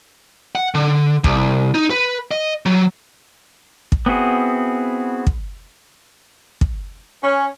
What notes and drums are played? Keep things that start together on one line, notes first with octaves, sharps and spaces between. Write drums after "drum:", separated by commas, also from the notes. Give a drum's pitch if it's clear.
F#5
D3
C2, drum: kick
D#4
B4
D#5
F#3
drum: kick
B3 C4 E4 F#4 G#4
drum: kick
drum: kick
C#4